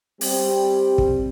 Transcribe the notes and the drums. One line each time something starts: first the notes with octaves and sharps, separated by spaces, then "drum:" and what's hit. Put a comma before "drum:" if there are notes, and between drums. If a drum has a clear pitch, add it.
G3 C4 G4, drum: open hi-hat
drum: kick